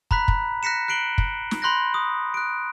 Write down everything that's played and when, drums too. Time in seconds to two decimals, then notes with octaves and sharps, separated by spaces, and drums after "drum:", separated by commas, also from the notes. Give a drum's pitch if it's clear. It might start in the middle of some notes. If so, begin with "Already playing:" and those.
0.11 A#5 B5 F#6 B6, drum: kick
0.28 drum: kick
0.63 F#6 A#6 B6 C#7 E7
0.88 F#6 C7 D7 F#7 G7
1.18 drum: kick
1.51 drum: snare
1.62 B5 C6 F#6 G6 A#6
1.94 D#6
2.34 F#6 D7